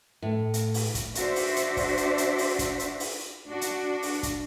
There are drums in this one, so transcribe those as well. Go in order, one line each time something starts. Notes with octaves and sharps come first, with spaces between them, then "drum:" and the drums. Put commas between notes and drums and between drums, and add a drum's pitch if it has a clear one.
A2
drum: hi-hat
drum: open hi-hat
drum: kick, hi-hat
D4 F#4 C5 D5 E5, drum: hi-hat
drum: open hi-hat
drum: hi-hat
drum: kick, open hi-hat
drum: hi-hat
drum: hi-hat
drum: open hi-hat
drum: kick, hi-hat
drum: hi-hat
drum: open hi-hat
D4 F#4
drum: hi-hat
drum: open hi-hat
drum: kick, hi-hat